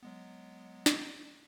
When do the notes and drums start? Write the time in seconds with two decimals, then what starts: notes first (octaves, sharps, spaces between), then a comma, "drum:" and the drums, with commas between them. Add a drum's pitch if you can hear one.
0.03 F#3 G#3 B3
0.86 drum: snare